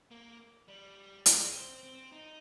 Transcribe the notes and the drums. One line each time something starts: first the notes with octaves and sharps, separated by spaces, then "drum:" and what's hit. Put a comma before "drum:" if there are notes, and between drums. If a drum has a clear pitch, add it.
A#3
G3
G#3, drum: hi-hat
C#4
C4
C4
D#4